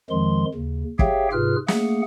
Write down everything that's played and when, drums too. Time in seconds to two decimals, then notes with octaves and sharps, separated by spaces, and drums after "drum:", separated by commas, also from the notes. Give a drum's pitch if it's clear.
0.10 F2 D#3 F3 G#3 C6
0.54 D#2 C#3
0.99 G4 G#4 C#5 E5 F5 G5, drum: kick
1.32 G#2 C3 F4 G#4 B4 F6
1.68 A3 A#3 G#4 F#5, drum: snare